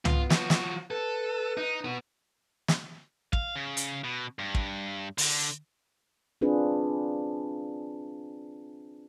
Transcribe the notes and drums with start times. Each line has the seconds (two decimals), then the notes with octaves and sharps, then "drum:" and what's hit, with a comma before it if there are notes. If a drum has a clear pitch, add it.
0.05 B3 F4, drum: tom
0.30 F3 F#4, drum: snare
0.50 drum: snare
0.91 A4 B4
1.57 D#4
1.85 B3 F#4
2.68 drum: snare
3.33 F5, drum: kick
3.56 C#3
3.77 drum: hi-hat
4.04 B2
4.39 G2
4.55 drum: kick
5.18 D3, drum: open hi-hat
6.41 C4 D4 F4 G#4 B4